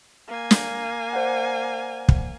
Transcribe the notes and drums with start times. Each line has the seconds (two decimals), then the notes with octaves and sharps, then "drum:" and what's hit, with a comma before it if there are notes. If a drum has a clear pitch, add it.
0.28 A#3 G#5
0.51 drum: snare
1.13 C5 D5 F#5
2.09 drum: kick